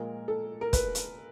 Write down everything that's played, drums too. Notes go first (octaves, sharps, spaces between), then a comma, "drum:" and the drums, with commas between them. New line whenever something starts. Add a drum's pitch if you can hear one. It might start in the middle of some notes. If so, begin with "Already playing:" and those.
Already playing: A#2 F3 G#3 A#4
A4
A#4
B4, drum: kick, hi-hat
drum: hi-hat